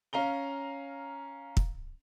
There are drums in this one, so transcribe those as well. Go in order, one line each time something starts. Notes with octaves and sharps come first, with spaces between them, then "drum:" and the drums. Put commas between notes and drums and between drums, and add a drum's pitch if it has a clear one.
C#4 F5 A#5 G7
drum: kick